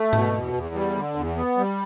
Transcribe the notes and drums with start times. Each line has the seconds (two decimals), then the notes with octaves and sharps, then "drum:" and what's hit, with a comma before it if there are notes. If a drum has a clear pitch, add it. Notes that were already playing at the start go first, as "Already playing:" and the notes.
Already playing: A3
0.13 B2, drum: tom G#2
0.33 E2
0.53 E2
0.74 G3
0.96 D3
1.15 E2
1.36 B3
1.57 G3